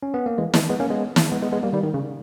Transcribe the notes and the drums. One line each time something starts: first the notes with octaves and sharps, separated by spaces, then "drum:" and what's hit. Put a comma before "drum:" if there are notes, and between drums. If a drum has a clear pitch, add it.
C#4
B3
A#3
E3 G#3
E3 G#3, drum: snare
G#3 B3
A#3 C#4
G#3 B3
drum: snare
G#3 B3
G#3 B3
G#3 B3
G3 A#3
D#3 G3
D#3
C#3